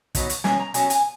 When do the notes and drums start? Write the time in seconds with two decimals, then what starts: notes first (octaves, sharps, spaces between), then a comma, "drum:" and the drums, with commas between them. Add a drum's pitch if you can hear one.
0.15 B2 F#3 B3 D#4, drum: kick, hi-hat
0.30 drum: hi-hat
0.44 B2 A#3 C#4 G#5, drum: snare
0.59 A#5
0.74 B2 F#3 C#4 G#5, drum: hi-hat
0.90 G#5, drum: hi-hat